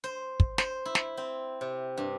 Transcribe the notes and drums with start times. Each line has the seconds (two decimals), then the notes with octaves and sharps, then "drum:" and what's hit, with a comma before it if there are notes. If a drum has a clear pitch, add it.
0.04 C5
0.40 drum: kick
0.58 C5, drum: snare
0.85 E4
0.95 drum: snare
1.17 C4
1.61 C3
1.97 G2